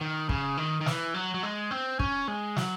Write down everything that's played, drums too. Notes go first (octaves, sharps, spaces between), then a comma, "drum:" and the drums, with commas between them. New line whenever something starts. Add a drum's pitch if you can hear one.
D#3
C#3, drum: kick
D#3
D#3
E3, drum: snare
F#3
F#3
G#3
C4
C#4, drum: kick
G#3
F#3, drum: snare